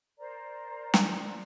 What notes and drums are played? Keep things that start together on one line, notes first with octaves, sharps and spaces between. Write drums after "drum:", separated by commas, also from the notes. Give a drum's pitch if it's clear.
A#4 C5 D5 A#5
drum: snare